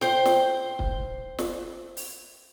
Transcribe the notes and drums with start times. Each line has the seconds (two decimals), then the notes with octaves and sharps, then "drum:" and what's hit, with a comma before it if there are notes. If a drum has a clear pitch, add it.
0.01 C5 G5, drum: snare
0.25 drum: snare
0.79 drum: kick
1.39 drum: snare
1.97 drum: open hi-hat